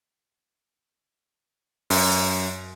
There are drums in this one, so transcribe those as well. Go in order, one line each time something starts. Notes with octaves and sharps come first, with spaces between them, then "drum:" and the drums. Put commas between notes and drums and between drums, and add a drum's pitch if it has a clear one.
F#2, drum: open hi-hat